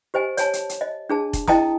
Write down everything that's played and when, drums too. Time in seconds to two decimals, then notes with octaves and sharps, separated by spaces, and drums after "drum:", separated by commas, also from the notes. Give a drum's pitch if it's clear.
0.14 G4 C5 D#5 G#5
0.37 C#5 G#5 A5, drum: hi-hat
0.53 drum: hi-hat
0.69 drum: hi-hat
0.81 D#5
1.09 D4 G#4 A5
1.33 drum: kick F1, hi-hat
1.48 E4 D#5 G5 A5 A#5 D#6, drum: snare